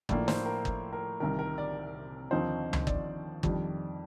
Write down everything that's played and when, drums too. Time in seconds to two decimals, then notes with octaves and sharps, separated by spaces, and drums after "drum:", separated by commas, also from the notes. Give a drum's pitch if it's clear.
0.09 A2 F3 A#3 D4 D5, drum: kick
0.28 C5, drum: snare
0.46 A#4
0.65 drum: kick
0.92 A#4
1.20 C2 C3 D#3 A#4
1.39 A#4
1.58 D5
2.31 D#2 D3 F3 C4 D#4 C5
2.73 drum: tom C#2
2.87 D5, drum: kick
3.43 F2 D#3 G3 D4, drum: kick